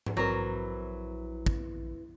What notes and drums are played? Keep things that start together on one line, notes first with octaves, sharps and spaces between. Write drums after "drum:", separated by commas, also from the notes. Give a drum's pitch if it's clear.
drum: tom G#2
A#1 E3 F#3 C4 A#4
drum: kick